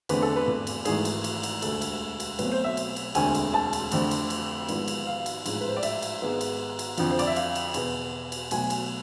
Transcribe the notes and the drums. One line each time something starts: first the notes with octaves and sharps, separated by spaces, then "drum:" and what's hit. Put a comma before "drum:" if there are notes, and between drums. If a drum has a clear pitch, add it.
E2 D3 A3 C4 B4, drum: cymbal
A4
B4
drum: tom
drum: cymbal
G#1 G#2 E3 A3 G#4, drum: cymbal
drum: cymbal
drum: cymbal
drum: cymbal
E1 D2 D3 A3 A4, drum: cymbal
drum: cymbal
drum: cymbal
B1 B2 A3 C4 B4, drum: cymbal
C5
E5
drum: cymbal
drum: cymbal
E1 D2 D3 A3 C4 G#5, drum: cymbal
drum: cymbal
A5
drum: cymbal
F2 D3 A3 C4, drum: cymbal
drum: cymbal
drum: cymbal
G#1 G#2 F3 B3, drum: cymbal
drum: cymbal
F5
drum: cymbal
A1 G#2 F3, drum: cymbal
B4
C5
D5
E5, drum: cymbal
drum: cymbal
G#1 G#2 G#3 B3
drum: cymbal
drum: cymbal
F2 D3 F3, drum: cymbal
C5
D5, drum: cymbal
E5
F5, drum: cymbal
drum: cymbal
E2 B2 B3, drum: cymbal
drum: cymbal
B1 B2 A3 G#5, drum: cymbal
drum: cymbal